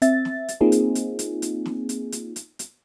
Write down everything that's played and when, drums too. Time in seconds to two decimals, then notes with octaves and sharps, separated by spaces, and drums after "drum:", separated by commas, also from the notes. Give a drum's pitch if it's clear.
0.02 C4 E5 A6, drum: hi-hat
0.25 drum: snare
0.48 drum: hi-hat
0.61 A#3 C4 D#4 F4 G#4
0.72 drum: hi-hat
0.95 drum: hi-hat
1.19 drum: hi-hat
1.42 drum: hi-hat
1.66 drum: snare
1.89 drum: hi-hat
2.12 drum: hi-hat
2.36 drum: hi-hat
2.59 drum: hi-hat